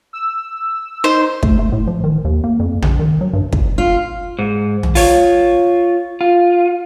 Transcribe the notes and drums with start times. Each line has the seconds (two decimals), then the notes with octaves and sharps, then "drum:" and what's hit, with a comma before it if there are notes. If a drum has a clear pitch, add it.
0.13 E6
1.04 D#4 C5
1.43 A3, drum: kick
1.59 A3
1.72 A2
1.88 F3
2.04 D#3
2.25 D#2
2.44 A#3
2.60 F2
2.82 A#1, drum: tom C#3
3.00 D#3
3.21 F#3
3.33 G2
3.53 drum: kick
3.78 F4
4.39 G#2
4.83 drum: tom
4.95 F4 C#5, drum: open hi-hat
6.21 F4